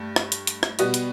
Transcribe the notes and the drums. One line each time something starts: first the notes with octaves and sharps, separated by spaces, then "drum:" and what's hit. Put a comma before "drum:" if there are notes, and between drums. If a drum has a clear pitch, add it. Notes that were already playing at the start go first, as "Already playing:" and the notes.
Already playing: G2 A3
drum: rim click
drum: hi-hat
drum: hi-hat
drum: rim click
B2 G3 B3 F#4, drum: hi-hat
drum: hi-hat